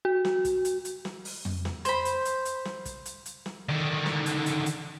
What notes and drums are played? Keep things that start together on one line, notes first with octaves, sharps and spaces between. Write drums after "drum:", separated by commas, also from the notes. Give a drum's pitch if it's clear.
F#4
drum: snare
drum: kick, hi-hat
drum: hi-hat
drum: hi-hat
drum: snare
drum: open hi-hat
drum: tom F2
drum: snare
C5 B5, drum: hi-hat
drum: hi-hat
drum: hi-hat
drum: hi-hat
drum: snare
drum: kick, hi-hat
drum: hi-hat
drum: hi-hat
drum: snare
D3 D#3
drum: snare
drum: hi-hat
drum: hi-hat
drum: hi-hat